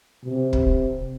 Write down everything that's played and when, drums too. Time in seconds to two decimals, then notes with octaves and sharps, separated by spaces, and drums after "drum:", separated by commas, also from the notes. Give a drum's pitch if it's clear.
0.25 C3
0.53 drum: kick